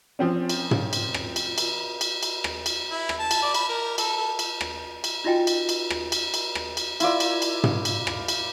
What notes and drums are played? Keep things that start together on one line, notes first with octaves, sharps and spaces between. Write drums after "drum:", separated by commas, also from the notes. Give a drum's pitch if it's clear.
F3 C4 C#4
drum: cymbal
drum: tom
drum: cymbal
drum: rim click
drum: cymbal
drum: cymbal
drum: cymbal
drum: cymbal
drum: rim click
drum: cymbal
E4
drum: rim click
A5
drum: cymbal
D5
B5, drum: cymbal
A#4
A4, drum: cymbal
A4
drum: cymbal
drum: rim click
drum: cymbal
D#4 F4 F#4 D#5 G5 G#5
drum: cymbal
drum: cymbal
drum: rim click
drum: cymbal
drum: cymbal
drum: rim click
drum: cymbal
E4 F4 D5, drum: cymbal
drum: cymbal
drum: cymbal
drum: tom
drum: cymbal
drum: rim click
drum: cymbal